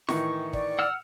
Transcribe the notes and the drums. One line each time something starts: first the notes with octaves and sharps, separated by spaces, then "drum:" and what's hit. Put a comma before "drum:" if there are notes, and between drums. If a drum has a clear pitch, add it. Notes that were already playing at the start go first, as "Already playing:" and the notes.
A2 D#3 E3 C#6, drum: snare F4
D5, drum: kick
F#5 E6 F6